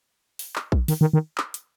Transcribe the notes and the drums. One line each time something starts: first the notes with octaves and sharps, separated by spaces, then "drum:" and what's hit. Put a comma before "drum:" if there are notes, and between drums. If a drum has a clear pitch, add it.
drum: open hi-hat
drum: clap
drum: kick A#1
D#3, drum: open hi-hat
D#3
D#3
drum: clap
drum: hi-hat